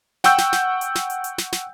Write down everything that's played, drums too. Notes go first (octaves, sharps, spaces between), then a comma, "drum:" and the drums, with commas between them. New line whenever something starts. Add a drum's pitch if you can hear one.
F#5 G5 C#6 E6 G6, drum: snare
drum: snare
drum: snare
drum: hi-hat
drum: snare
drum: hi-hat
drum: hi-hat
drum: snare
drum: snare